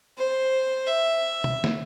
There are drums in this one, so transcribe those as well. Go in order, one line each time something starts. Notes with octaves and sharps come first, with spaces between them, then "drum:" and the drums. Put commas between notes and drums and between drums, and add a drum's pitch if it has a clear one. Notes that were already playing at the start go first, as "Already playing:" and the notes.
C5
E5
drum: tom B2
drum: snare